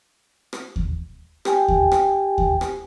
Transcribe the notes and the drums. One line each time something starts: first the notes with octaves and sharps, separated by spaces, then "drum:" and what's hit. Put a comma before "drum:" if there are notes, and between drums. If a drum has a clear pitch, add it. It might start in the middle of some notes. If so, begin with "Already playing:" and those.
drum: rim click
drum: kick D#2
G4 G5 G#5, drum: rim click
drum: kick D#2
drum: rim click
drum: kick D#2
drum: rim click